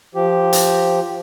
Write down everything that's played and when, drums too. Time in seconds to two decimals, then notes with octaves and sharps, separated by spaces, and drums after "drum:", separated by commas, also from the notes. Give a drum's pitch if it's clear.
0.15 F3 G4
0.53 drum: hi-hat